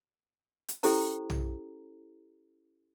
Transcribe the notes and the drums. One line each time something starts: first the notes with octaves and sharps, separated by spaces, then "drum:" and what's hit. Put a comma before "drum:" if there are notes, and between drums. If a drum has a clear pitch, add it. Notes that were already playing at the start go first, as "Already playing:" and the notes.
drum: hi-hat
C#4 E4 G4 A4 C5 A#5, drum: open hi-hat
drum: tom